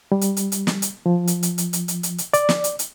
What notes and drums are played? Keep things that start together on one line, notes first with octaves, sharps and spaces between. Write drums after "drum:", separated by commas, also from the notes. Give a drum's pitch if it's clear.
G3
drum: hi-hat
drum: hi-hat
drum: hi-hat
drum: snare
drum: hi-hat
F3
drum: hi-hat
drum: hi-hat
drum: hi-hat
drum: hi-hat
drum: hi-hat
drum: hi-hat
drum: hi-hat
D5, drum: hi-hat
drum: snare
drum: hi-hat
drum: hi-hat